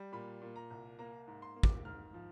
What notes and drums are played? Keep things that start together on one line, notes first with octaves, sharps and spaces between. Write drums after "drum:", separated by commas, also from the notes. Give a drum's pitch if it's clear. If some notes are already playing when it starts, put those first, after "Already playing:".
Already playing: G3
A#2 B5
A#2
A#5
C2
A#3 A#5
G#2
C6
A#3
D6, drum: kick
G#2 F6
F3